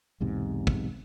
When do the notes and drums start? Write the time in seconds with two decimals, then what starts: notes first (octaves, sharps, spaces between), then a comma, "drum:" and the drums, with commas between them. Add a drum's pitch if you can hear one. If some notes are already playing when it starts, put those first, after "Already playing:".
0.20 B1 E2 G#2 C3
0.67 drum: kick